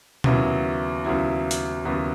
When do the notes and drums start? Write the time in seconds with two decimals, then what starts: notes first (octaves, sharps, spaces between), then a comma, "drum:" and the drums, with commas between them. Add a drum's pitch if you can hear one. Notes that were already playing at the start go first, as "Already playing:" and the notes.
0.24 D#2 C#3 F#3 B3 E4, drum: tom B2
1.04 D#2 C#3 F#3 B3 E4
1.51 drum: hi-hat
1.84 D#2 C#3 F#3 B3 E4